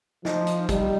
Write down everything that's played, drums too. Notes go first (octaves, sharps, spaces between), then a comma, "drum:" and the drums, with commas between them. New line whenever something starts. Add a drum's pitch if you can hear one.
F3 D#4, drum: snare
drum: hi-hat
G3 D#4, drum: kick, hi-hat